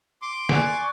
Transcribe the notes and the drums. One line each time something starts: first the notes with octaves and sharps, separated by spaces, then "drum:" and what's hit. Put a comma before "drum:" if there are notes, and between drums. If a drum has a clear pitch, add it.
C6 D6
D5 G#5 C#6 F#6, drum: snare